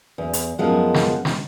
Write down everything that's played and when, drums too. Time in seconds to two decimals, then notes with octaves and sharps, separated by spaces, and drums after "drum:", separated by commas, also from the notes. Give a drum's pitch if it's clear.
0.18 E2
0.33 drum: hi-hat
0.59 F#2 F3 G#3 B3
0.94 drum: snare
1.25 drum: snare